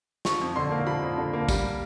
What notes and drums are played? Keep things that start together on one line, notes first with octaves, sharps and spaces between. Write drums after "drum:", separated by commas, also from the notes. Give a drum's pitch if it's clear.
F3 C#6, drum: snare
F2
D3 C6
A#3
F3 B5
F2
D3
A#3
G3, drum: kick, tambourine